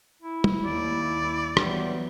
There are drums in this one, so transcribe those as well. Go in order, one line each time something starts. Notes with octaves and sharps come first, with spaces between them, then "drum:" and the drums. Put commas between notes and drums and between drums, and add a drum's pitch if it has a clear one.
E4
drum: tom
D#2 D5
E3 F#3 G3 B3, drum: rim click